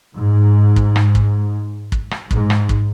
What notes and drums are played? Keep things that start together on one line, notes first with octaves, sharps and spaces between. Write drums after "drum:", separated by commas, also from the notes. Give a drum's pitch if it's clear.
G#2
drum: kick
drum: rim click
drum: kick
drum: kick
drum: rim click
G#2, drum: kick
drum: rim click
drum: kick